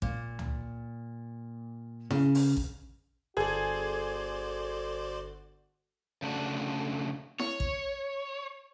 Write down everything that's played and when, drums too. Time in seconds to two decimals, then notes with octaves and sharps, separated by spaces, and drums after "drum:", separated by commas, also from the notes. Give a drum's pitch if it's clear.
0.02 A#2, drum: kick
0.39 drum: tom
2.10 C#3, drum: snare E4
2.35 drum: open hi-hat
2.57 drum: kick
3.37 G1 F#4 G#4 A4 C5 D5
6.22 C#3 A3 D4 F#4
7.39 C#5, drum: snare E4
7.60 drum: kick